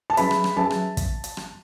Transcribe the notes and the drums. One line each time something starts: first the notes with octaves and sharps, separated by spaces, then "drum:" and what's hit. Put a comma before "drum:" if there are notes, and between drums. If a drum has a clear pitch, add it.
A5
F#3 C#4 G#4 B4 E5 B5, drum: hi-hat
drum: rim click
drum: rim click
F#3 C#4 G#4 B4 E5 A5
drum: rim click
drum: kick, hi-hat
drum: hi-hat
drum: rim click